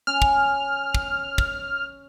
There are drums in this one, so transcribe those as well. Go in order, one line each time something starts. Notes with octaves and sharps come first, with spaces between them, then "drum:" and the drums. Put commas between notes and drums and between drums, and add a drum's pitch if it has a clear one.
C#4 F6
drum: kick
drum: kick
drum: kick